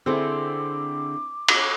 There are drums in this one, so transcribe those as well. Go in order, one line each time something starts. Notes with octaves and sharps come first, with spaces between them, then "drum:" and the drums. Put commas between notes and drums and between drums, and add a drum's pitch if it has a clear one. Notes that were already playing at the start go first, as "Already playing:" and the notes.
D3 C4 E4 G#4 A4 D6
drum: cymbal